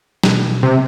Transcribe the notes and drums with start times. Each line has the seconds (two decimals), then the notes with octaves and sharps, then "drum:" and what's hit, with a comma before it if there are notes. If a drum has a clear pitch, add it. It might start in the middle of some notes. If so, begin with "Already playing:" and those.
0.23 B2, drum: snare
0.63 C3